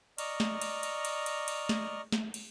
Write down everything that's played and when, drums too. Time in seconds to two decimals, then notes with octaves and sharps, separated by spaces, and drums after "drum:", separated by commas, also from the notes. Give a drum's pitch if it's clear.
0.18 D5 D#5 A#5 C#6 F6, drum: cymbal
0.40 drum: snare
0.62 drum: cymbal
0.83 drum: cymbal
1.05 drum: cymbal
1.26 drum: cymbal
1.48 drum: cymbal
1.69 drum: snare
2.12 drum: snare
2.34 drum: cymbal